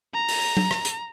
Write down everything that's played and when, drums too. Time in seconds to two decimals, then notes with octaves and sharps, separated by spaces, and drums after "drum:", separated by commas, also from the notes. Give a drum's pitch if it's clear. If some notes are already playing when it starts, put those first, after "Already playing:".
0.14 A#5
0.28 drum: open hi-hat
0.57 drum: tom
0.71 drum: rim click
0.85 drum: hi-hat